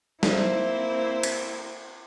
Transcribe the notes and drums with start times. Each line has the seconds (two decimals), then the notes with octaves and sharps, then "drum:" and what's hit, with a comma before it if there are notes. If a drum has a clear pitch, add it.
0.23 A#3 C4 E4 C5, drum: snare
1.23 drum: cymbal